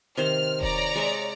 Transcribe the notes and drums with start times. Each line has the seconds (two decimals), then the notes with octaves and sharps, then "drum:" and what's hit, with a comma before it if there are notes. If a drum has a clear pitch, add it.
0.17 C3 D#3 C5 F6
0.61 C#5 D5 A#5, drum: kick D#1
0.95 G#3 E5